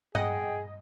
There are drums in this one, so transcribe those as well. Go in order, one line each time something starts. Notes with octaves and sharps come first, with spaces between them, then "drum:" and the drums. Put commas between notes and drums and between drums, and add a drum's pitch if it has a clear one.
G#4 D#5 F#5 G5, drum: tom G2